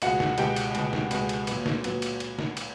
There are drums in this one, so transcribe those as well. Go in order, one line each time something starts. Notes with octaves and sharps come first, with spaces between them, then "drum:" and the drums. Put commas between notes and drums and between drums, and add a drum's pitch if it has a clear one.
C#2 B2 G#3 F#4 F#5, drum: cymbal
drum: snare
C#2 B2 G#3 G4 G5, drum: cymbal
drum: cymbal
C#2 B2 G#3, drum: cymbal
drum: snare
C#2 B2 G#3, drum: cymbal
drum: cymbal
A#2 F#3 B3, drum: cymbal
drum: snare
A#2 F#3 B3, drum: cymbal
drum: cymbal
drum: cymbal
drum: snare
drum: cymbal